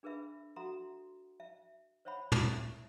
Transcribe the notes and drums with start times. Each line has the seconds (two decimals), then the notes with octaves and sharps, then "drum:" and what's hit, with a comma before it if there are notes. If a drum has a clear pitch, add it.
0.03 D4 G#4 A#4 B4 E5 B5
0.56 F#4 A4 E5 F#5 A#5 C6
1.40 E5
2.05 C5 C#5 E5 F#5 B5
2.32 drum: tom
2.52 E4 F4 E5